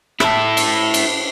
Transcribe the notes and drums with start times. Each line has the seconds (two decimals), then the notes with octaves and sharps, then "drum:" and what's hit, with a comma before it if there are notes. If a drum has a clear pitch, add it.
0.20 E4 A4, drum: rim click
0.57 drum: cymbal
0.94 drum: cymbal